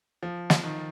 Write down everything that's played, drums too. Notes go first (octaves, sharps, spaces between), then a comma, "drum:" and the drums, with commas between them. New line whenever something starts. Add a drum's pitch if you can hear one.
F3
drum: snare
D#3